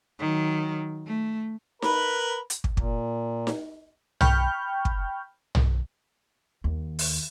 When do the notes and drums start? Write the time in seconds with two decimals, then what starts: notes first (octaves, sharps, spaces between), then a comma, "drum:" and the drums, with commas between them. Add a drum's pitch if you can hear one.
0.19 D#3 F#3
1.07 A3
1.82 A#4 B4 B5, drum: snare D#4
2.50 drum: hi-hat
2.64 drum: kick
2.77 A#2, drum: kick
3.47 drum: snare D#4
4.21 G5 B5 C#6 F6 G6, drum: tom
4.85 drum: kick
5.55 drum: tom
6.64 D#2
6.99 drum: open hi-hat